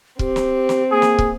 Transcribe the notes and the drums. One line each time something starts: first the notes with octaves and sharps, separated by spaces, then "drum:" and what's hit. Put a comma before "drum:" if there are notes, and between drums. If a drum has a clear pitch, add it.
C4 G4, drum: kick
drum: snare
drum: snare
A#3 G#4
drum: snare
drum: kick